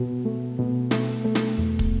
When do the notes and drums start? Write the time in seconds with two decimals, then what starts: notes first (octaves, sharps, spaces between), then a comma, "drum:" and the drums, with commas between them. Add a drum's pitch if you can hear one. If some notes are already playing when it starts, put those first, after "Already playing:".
Already playing: B2
0.25 A3
0.59 B2
0.91 A3, drum: snare
1.25 A3
1.35 drum: snare
1.58 E2
1.79 drum: kick